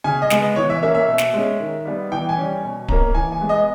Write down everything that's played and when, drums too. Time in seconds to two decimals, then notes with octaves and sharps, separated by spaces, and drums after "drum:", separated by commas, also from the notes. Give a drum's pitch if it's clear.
0.04 C#3 G#5
0.22 D#5
0.30 G#3 B3, drum: snare
0.56 E3 C#5
0.70 E5
0.83 A#3 C#4 E5
0.95 E5
1.08 B2
1.18 drum: snare
1.34 G#3 C#4
1.59 D#3
1.85 G3 B3
2.11 E3 G5
2.29 G#5
2.37 G3 C#4
2.63 B2
2.88 A#3 C#4 A#5, drum: kick D1
3.15 E3 G#5
3.32 G#5
3.41 G#3 B3
3.49 D#5